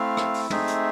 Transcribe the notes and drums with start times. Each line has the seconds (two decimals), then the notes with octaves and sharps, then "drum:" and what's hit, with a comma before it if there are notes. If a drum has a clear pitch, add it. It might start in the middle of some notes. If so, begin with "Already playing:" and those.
Already playing: A3 C4 E4 F5
0.17 drum: rim click
0.34 drum: open hi-hat
0.50 A3 C4 D#4 G#4 E5, drum: tom
0.68 drum: hi-hat